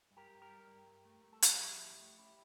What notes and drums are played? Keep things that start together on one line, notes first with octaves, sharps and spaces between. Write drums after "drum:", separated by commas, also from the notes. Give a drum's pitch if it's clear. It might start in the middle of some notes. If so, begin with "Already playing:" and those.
G2
G4 A#4
G2
G4 A#4
G3
G2
G2
A3
A3
A4
G2 E4 G4, drum: hi-hat
F3
G2
A3
C#4 E4 G4